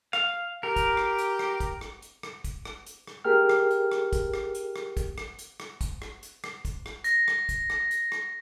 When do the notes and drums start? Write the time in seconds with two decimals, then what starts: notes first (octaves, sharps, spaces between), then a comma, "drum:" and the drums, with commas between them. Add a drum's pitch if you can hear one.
0.13 F5, drum: rim click
0.63 G4 A#4
0.76 drum: kick, hi-hat
0.97 drum: rim click
1.18 drum: hi-hat
1.39 drum: rim click
1.60 drum: kick, hi-hat
1.81 drum: rim click
2.02 drum: hi-hat
2.23 drum: rim click
2.44 drum: kick, hi-hat
2.65 drum: rim click
2.86 drum: hi-hat
3.07 drum: rim click
3.25 G4 G#4 A#4 G5 F6
3.50 drum: rim click
3.71 drum: hi-hat
3.92 drum: rim click
4.13 drum: kick, hi-hat
4.34 drum: rim click
4.55 drum: hi-hat
4.76 drum: rim click
4.97 drum: kick, hi-hat
5.18 drum: rim click
5.39 drum: hi-hat
5.60 drum: rim click
5.81 drum: kick, hi-hat
6.02 drum: rim click
6.23 drum: hi-hat
6.44 drum: rim click
6.65 drum: kick, hi-hat
6.86 drum: rim click
7.04 A#6, drum: hi-hat
7.28 drum: rim click
7.49 drum: kick, hi-hat
7.70 drum: rim click
7.91 drum: hi-hat
8.12 drum: rim click